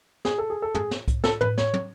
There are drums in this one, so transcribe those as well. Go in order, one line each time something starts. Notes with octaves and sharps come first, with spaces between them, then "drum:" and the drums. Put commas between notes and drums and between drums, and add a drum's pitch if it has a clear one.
G#4, drum: snare
A4
G#4
A4
G#4, drum: tom
drum: snare
drum: kick C2, hi-hat
A4, drum: snare
B4, drum: tom
C#5, drum: snare
drum: tom